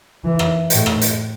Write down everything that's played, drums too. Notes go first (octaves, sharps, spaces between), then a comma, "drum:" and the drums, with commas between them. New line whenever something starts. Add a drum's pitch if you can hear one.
E3
drum: rim click
A2, drum: hi-hat
drum: rim click
drum: hi-hat